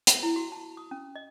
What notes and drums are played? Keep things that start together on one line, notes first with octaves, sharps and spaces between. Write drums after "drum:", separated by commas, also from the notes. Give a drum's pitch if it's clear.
drum: hi-hat
E4
F#4
A5
D#6
C#4
D#5